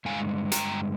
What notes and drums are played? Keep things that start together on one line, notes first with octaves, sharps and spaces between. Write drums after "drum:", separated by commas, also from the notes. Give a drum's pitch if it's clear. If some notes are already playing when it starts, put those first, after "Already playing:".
G2 D3 G#3 F5 G#5
G5 A#5, drum: hi-hat